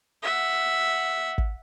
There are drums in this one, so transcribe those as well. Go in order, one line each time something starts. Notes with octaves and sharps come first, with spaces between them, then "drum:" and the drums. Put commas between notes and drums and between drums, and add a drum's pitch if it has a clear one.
E5 F#5
drum: kick